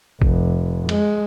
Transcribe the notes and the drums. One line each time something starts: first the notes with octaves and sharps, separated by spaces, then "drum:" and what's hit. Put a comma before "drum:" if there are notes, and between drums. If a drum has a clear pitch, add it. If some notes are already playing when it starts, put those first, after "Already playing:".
F1, drum: kick
G#3, drum: cymbal